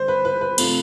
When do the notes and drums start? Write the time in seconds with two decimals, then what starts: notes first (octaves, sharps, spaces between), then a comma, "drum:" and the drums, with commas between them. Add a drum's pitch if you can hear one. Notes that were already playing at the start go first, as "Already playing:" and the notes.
Already playing: D3 G3 C5
0.08 B4
0.25 B4
0.41 B4
0.58 C3 F3 A3, drum: cymbal